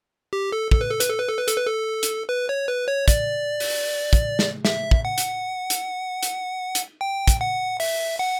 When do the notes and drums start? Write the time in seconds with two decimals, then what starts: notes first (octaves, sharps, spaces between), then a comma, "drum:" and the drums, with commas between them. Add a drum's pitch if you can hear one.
0.33 G4
0.52 A4
0.71 A4, drum: kick
0.81 B4
0.90 A4
1.00 B4, drum: hi-hat
1.09 A4
1.19 B4
1.29 A4
1.39 B4
1.48 A4, drum: hi-hat
1.57 B4
1.66 A4
2.03 drum: hi-hat
2.29 B4
2.49 C#5
2.68 B4
2.88 C#5
3.08 D5, drum: kick, hi-hat
3.60 drum: open hi-hat
4.13 drum: kick, hi-hat
4.39 drum: snare
4.65 E5, drum: snare
4.91 drum: kick
5.05 F#5
5.18 drum: hi-hat
5.70 drum: hi-hat
6.23 drum: hi-hat
6.75 drum: hi-hat
7.01 G5
7.28 drum: kick, hi-hat
7.41 F#5
7.80 E5, drum: open hi-hat
8.19 F#5